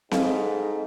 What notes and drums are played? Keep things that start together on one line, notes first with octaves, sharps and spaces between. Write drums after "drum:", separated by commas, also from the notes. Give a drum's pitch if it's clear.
G#2 A4 F5, drum: snare C4